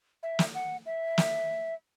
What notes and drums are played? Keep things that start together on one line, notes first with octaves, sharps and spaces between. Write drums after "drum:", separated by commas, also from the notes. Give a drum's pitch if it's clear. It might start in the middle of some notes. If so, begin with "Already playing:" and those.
E5
drum: snare
F#5
E5
drum: snare